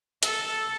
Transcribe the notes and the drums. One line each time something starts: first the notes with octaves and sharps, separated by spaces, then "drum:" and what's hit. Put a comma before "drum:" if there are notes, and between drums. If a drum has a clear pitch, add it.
A4, drum: hi-hat